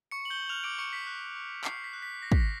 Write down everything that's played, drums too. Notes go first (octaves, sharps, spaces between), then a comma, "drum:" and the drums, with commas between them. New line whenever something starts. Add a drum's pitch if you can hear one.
C#6 C#7
C#6 F#7
G6 G7
F6 F#6 F7
D6 D7
C#6 C#7
B6
F#6
C#6
C#6 C7, drum: clap
B6
F#6
B6
D6 A#6
B6, drum: kick
A#6